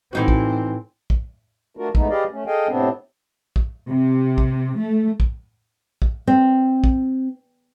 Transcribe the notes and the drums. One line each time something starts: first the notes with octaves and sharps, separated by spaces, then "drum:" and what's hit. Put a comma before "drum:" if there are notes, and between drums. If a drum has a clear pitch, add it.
A2 E3 C4 D#4 F#4
drum: kick
drum: kick
A3 D4 F4 F#4 A#4
E3 G#3 A3 B3 D#4, drum: kick
G4 G#4 B4 D5 D#5 F5
A3 C#4
G#4 A4 D#5 F5 G5 G#5
A2 C3 B3 C4 D4
drum: kick
C3
drum: kick
A3
drum: kick
drum: kick
C4
drum: kick